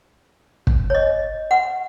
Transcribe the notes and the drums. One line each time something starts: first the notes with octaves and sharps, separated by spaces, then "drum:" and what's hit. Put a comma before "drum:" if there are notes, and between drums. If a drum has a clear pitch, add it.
drum: kick
C#5
D#5
F#5